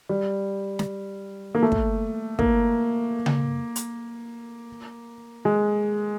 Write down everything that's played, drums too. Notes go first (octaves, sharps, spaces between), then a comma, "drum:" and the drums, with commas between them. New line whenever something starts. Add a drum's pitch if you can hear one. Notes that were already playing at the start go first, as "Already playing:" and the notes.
G3
drum: snare
A#3
A3
drum: kick
A#3, drum: kick
drum: tom C#3
drum: hi-hat
G#3